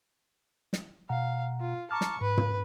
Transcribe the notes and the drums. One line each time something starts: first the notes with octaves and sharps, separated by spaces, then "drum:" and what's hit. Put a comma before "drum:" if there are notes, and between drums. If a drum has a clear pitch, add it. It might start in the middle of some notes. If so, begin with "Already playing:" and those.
drum: snare
B2 F5 F#5 A#5
F4
A5 A#5 C#6 D6 F6
drum: snare
G#2 B4
drum: tom